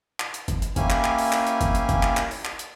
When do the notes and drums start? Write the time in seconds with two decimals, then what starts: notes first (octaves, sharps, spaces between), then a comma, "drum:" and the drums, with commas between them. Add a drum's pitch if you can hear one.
0.20 drum: clap
0.34 drum: hi-hat
0.48 drum: kick F#1, hi-hat
0.62 drum: hi-hat
0.76 A#3 C#4 E4 G4 F5 G#5, drum: kick F#1, hi-hat
0.90 drum: clap
1.04 drum: clap
1.18 drum: open hi-hat
1.33 drum: clap
1.47 drum: hi-hat
1.61 drum: kick F#1, hi-hat
1.75 drum: hi-hat
1.89 drum: kick F#1, hi-hat
2.03 drum: clap
2.17 drum: clap
2.31 drum: open hi-hat
2.45 drum: clap
2.59 drum: hi-hat